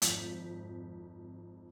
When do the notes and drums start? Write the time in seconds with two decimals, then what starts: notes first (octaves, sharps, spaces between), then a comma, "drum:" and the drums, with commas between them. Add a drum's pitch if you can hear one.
0.02 G#1 F2 G6 B6, drum: hi-hat